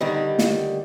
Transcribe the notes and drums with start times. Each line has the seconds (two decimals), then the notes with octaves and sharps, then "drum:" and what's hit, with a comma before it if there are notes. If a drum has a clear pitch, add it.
0.01 D3 D#3 G3
0.39 drum: snare